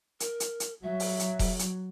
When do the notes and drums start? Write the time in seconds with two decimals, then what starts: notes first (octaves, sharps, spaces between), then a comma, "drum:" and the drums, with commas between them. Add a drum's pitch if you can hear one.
0.20 A#4, drum: hi-hat
0.40 drum: hi-hat
0.60 drum: hi-hat
0.83 F#3 E5
1.00 drum: open hi-hat
1.20 drum: hi-hat
1.39 drum: kick E1, open hi-hat
1.59 drum: hi-hat